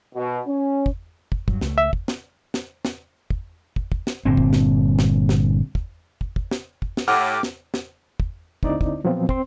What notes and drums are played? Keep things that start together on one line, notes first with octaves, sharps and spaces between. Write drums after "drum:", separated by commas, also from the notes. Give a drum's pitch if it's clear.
B2
C#4
drum: kick
drum: kick
G2 F#3, drum: kick
C#2 A3, drum: snare
E5
drum: kick
drum: snare
drum: snare
drum: snare
drum: kick
drum: kick
drum: kick
drum: snare
G1 A#2 G3 C4
drum: kick
drum: snare
drum: snare
drum: snare
drum: kick
drum: kick
drum: kick
drum: snare
drum: kick
drum: snare
A2 G4 F#5 D6 F6
drum: snare
drum: snare
drum: kick
D2 D3 C4 D#4 E4 D5, drum: kick
drum: kick
A#2 F3 F#3 B3 C4 F4
C4 C6, drum: kick